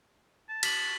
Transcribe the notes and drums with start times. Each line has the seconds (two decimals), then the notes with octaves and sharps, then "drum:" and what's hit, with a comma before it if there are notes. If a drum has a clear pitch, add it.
0.49 A5
0.63 B6 F#7, drum: cymbal